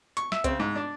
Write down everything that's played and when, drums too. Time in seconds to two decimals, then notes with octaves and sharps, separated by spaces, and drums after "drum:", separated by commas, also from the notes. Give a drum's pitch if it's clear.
0.17 C#6, drum: hi-hat
0.32 E5, drum: snare
0.44 C#3 C4, drum: kick C2, hi-hat
0.60 G#2
0.75 D4 D5